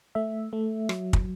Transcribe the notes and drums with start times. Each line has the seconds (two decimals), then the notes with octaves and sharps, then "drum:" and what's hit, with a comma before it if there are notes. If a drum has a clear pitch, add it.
0.15 A3 E5
0.53 A3
0.89 F#3, drum: rim click
1.13 drum: kick